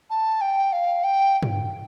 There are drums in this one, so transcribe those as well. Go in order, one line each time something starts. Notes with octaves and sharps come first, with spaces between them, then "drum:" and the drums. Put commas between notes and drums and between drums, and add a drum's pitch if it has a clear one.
A5
G5
F5
G5
drum: tom